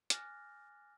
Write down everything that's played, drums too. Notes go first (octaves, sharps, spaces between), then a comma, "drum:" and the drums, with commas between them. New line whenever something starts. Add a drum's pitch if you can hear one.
G#5 D6 F6 F#6 A6 A#6, drum: hi-hat